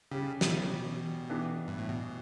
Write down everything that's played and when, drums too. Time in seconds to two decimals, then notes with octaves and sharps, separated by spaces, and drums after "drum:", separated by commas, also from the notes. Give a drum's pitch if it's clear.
0.11 C#3 G3 C#4 G4
0.41 B2, drum: snare
1.30 E3 B3 D4 G4
1.68 G2
1.78 A2
1.89 B2